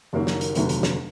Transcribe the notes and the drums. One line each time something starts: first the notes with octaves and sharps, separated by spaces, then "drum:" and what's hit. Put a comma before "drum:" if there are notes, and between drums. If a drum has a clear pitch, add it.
F#1 F#2 D#3 G3 A#3
drum: snare
drum: hi-hat
F1 D#2 D3 F#3 B3, drum: hi-hat
drum: hi-hat
drum: snare